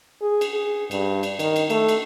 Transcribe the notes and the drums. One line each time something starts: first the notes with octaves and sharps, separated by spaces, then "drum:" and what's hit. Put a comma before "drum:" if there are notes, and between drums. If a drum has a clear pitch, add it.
G#4
drum: cymbal
G#4
G2, drum: cymbal
drum: cymbal
D#3, drum: cymbal
drum: cymbal
A3, drum: cymbal
drum: cymbal